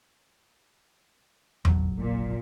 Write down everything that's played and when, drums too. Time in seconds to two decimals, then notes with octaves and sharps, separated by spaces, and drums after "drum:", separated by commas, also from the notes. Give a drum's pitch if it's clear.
1.65 F1 A#1 F#3, drum: tom E2
1.99 A#2